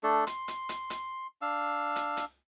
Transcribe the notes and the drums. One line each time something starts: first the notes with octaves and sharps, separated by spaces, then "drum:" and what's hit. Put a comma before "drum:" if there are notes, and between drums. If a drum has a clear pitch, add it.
A3 D4 A4
C6, drum: hi-hat
drum: hi-hat
drum: hi-hat
drum: hi-hat
D4 F5 E6
drum: hi-hat
drum: hi-hat